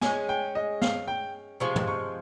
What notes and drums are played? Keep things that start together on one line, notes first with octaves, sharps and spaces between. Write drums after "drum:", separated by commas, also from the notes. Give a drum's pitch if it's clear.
G#3 C#4 G#4 G#5, drum: snare
G5
D#5
F5, drum: snare
G5
C3 F3 G#3 C#6
drum: tom
C#6